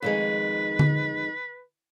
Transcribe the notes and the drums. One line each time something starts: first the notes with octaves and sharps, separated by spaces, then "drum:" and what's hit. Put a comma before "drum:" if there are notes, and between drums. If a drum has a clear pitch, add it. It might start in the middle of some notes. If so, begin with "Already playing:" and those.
F2 D#3 G#3 B4
drum: tom D3